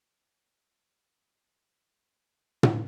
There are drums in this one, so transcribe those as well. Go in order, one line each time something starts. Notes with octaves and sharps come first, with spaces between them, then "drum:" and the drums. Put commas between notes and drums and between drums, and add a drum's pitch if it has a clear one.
B3 C#4
F3 A3
G#2 D3
E2 G#3
C4
drum: tom